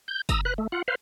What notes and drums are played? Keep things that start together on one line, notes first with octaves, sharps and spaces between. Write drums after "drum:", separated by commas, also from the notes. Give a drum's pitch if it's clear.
G6
A#5 D#6 E6, drum: kick, hi-hat
B4 F#6
A3
F4 F#5
B4 C5 F5